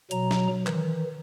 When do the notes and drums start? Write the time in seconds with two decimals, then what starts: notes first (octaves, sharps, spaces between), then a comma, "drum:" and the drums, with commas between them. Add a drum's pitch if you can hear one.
0.11 B2 F#3 A#5, drum: hi-hat
0.31 drum: snare
0.67 D#3 E3, drum: clap